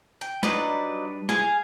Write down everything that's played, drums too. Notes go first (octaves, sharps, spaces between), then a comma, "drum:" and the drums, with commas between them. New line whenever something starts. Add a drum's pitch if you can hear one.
G5
F#3 G3 D4 D#4 B4 D5, drum: snare
G#4 F5 G#5, drum: snare